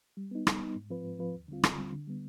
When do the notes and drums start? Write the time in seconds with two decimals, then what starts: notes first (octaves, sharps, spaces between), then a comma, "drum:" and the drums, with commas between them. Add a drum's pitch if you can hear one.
0.17 G3
0.31 B3 D#4
0.47 G3, drum: rim click
0.60 B3 D#4
0.76 G#2
0.90 F3 C4 F4 B4
1.05 G#2
1.19 F3 C4 F4 B4
1.34 D#2
1.48 D3 G3 C4 F4
1.63 D#2, drum: rim click
1.78 D3 G3 C4 F4
1.93 D3
2.07 G3 B3